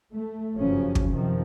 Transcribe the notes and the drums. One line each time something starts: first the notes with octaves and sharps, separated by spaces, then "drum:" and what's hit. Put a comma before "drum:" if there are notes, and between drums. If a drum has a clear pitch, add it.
A3
F#1 G2 C#3 F3 F#3 C#4
drum: kick
F#2 C3 D#3 F3